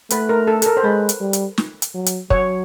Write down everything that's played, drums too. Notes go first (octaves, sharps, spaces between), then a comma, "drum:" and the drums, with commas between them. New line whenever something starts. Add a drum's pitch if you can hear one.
A3 B4, drum: hi-hat
A#4
A4
A4, drum: hi-hat
A#4
C5
G#3 B4
drum: hi-hat
G3
drum: hi-hat
drum: snare
drum: hi-hat
F#3
drum: hi-hat
F#3 C#5, drum: kick